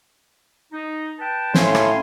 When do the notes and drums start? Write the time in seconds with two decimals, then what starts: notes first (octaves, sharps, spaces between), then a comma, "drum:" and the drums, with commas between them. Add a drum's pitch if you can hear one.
0.72 D#4
1.19 B4 G5 A5
1.54 A2 C#4 F5 G#5 C6, drum: snare
1.75 drum: rim click